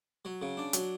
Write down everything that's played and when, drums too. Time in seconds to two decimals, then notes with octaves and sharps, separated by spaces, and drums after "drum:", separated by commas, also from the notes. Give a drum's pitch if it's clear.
0.25 F#3
0.42 C#3
0.57 D4
0.73 F#3, drum: hi-hat